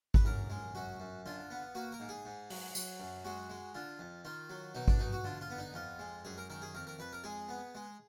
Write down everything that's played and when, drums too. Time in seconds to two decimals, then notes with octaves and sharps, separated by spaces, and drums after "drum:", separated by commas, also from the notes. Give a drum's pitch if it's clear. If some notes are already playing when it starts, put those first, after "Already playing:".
0.14 B4, drum: kick G#1
0.25 F#2 A#4
0.50 G#3
0.75 F#2 F#4
1.00 F#2
1.26 D3 F4
1.50 B3
1.75 A#3 F#4
1.92 A#4
2.00 G#2
2.09 G#4
2.25 G#2
2.50 F#3, drum: open hi-hat
2.75 F#3, drum: tambourine
3.00 F#2
3.25 G#3 F#4
3.50 G#3
3.75 D3 F4
3.99 F2
4.25 D#3 F4
4.50 F#3
4.75 B2 D#4
4.88 D4, drum: kick G#1
4.99 B2 D#4
5.12 F#4
5.24 D3 F4
5.41 F4
5.50 B3
5.58 D#4
5.74 F2 F4
5.99 G#3
6.25 F#2 G#4
6.38 A#4
6.50 D#3 A#4
6.62 G#4
6.75 F2 A#4
6.87 A#4
6.99 F2 B4
7.12 A#4
7.24 G#3 G#4
7.49 B3
7.75 G#3